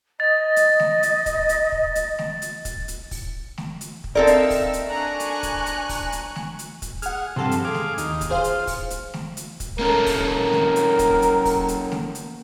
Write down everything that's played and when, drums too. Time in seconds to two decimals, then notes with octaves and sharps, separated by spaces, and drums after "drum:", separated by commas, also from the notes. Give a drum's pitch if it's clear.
0.20 D#5 A6
0.56 drum: hi-hat
0.80 drum: snare A3
1.03 drum: hi-hat
1.26 drum: kick, hi-hat
1.49 drum: hi-hat
1.72 drum: kick
1.95 drum: hi-hat
2.19 drum: snare A3
2.42 drum: hi-hat
2.65 drum: kick, hi-hat
2.88 drum: hi-hat
3.11 drum: kick, open hi-hat
3.58 drum: snare A3
3.81 drum: hi-hat
4.04 drum: kick
4.15 C4 D#4 A4 A#4 D5 E5 F5 E6
4.27 drum: hi-hat
4.50 drum: kick, open hi-hat
4.73 drum: hi-hat
4.90 D4 G#5 A#5 C#6 F#6
5.20 drum: hi-hat
5.43 drum: kick, hi-hat
5.66 drum: hi-hat
5.89 drum: kick, open hi-hat
6.12 drum: hi-hat
6.36 drum: snare A3
6.59 drum: hi-hat
6.82 drum: kick, hi-hat
7.02 G#4 F#5 F6, drum: hi-hat
7.36 G2 C3 F3 C4 A4
7.51 drum: hi-hat
7.65 G#4 F5 D6
7.75 drum: snare A3
7.98 D#2 D#4, drum: hi-hat
8.21 drum: kick, hi-hat
8.30 F4 G#4 C5 F5
8.44 drum: hi-hat
8.67 drum: kick, open hi-hat
8.90 drum: hi-hat
9.14 drum: snare A3
9.37 drum: hi-hat
9.60 drum: kick, hi-hat
9.79 A#3 C#4 A4 A#4
10.06 drum: kick, open hi-hat
10.21 A#4
10.53 drum: snare A3
10.76 drum: hi-hat
10.99 drum: kick, hi-hat
11.22 drum: hi-hat
11.45 drum: kick, open hi-hat
11.68 drum: hi-hat
11.92 drum: snare A3
12.15 drum: hi-hat